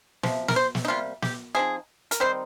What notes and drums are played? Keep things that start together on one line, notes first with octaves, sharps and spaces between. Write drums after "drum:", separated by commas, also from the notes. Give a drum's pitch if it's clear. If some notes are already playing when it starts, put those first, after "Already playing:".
C3 F3, drum: snare
A#4, drum: snare
C5
drum: snare
D#4
C3 G3 A#3 F4
G4, drum: snare
F3 C4 D#4 G#4
A#4, drum: hi-hat
D#3 G3 C4 D#4 C5